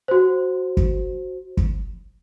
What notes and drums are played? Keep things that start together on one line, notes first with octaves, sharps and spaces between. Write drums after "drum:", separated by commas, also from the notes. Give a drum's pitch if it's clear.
F#4 C5
drum: kick
drum: kick